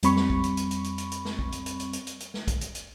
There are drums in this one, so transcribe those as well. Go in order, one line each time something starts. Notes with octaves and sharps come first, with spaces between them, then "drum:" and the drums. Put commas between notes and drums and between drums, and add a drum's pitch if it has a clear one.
F2 G3 C4 B5 C#6, drum: hi-hat
drum: snare
drum: kick
drum: hi-hat
drum: hi-hat
drum: hi-hat
drum: hi-hat
drum: hi-hat
drum: hi-hat
drum: snare
drum: kick
drum: hi-hat
drum: hi-hat
drum: hi-hat
drum: hi-hat
drum: hi-hat
drum: hi-hat
drum: snare
drum: kick, hi-hat
drum: hi-hat
drum: hi-hat